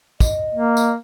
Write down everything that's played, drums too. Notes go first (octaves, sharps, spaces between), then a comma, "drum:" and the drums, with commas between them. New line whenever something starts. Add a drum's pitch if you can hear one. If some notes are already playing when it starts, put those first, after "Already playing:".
D#5, drum: kick, tambourine
A#3
drum: tambourine